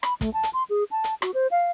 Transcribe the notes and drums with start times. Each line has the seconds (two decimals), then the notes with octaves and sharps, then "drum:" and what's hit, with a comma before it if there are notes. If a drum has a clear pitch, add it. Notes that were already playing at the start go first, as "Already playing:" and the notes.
0.03 B5, drum: rim click
0.21 A3, drum: kick, hi-hat
0.33 A5
0.43 drum: hi-hat
0.53 C6
0.69 G#4
0.91 A5
1.04 drum: hi-hat
1.22 F#4, drum: rim click
1.34 C5
1.51 F5